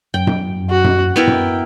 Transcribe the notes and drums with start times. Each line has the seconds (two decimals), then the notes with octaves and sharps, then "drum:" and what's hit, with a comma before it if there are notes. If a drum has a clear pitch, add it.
0.14 F#2 G5
0.27 drum: tom F#2
0.70 F#4
0.84 drum: tom F#2
1.16 B3 E4 A#4 G5
1.27 drum: tom F#2